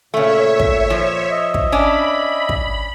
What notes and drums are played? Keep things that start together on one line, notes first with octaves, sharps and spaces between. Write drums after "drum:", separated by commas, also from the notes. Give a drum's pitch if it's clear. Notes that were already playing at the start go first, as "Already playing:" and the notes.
A#2 C#3 A3 C#5 E5
drum: kick
F3
D#5 E5
drum: kick
C#4 D4 B5
drum: kick